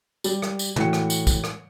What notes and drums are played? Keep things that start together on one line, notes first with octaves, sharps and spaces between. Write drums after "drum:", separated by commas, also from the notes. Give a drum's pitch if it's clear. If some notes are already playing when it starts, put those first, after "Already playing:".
G3 A6, drum: tambourine
drum: rim click
drum: tambourine
A2 E3 F#4 G5 C#7, drum: tom
drum: rim click
drum: tambourine
drum: kick, tambourine
drum: rim click